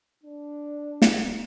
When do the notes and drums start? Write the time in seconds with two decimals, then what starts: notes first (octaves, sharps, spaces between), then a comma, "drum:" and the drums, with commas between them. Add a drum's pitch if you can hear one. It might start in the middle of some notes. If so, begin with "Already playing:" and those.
0.23 D4
1.02 drum: snare